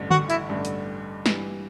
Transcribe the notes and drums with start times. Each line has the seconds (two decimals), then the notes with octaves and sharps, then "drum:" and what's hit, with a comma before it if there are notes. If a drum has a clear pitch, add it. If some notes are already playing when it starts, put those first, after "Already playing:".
Already playing: A1 G2 D3 A3 D4
0.11 F#4, drum: tom D3
0.30 E4, drum: hi-hat
0.49 A1 G2 D3 A3 D4
0.65 drum: hi-hat
1.26 G2 E3 G3, drum: snare